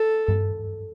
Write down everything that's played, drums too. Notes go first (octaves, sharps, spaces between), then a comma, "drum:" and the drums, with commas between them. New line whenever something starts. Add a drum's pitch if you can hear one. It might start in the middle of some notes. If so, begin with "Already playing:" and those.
Already playing: A4
drum: tom G2